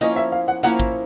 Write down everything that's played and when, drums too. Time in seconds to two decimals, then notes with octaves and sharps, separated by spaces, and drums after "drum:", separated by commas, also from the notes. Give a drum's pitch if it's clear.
0.01 F3 A#3 C#4 E4 D#5
0.16 E5
0.32 F5
0.48 F#5
0.63 F3 A#3 C#4 E4 F#5
0.80 drum: kick A1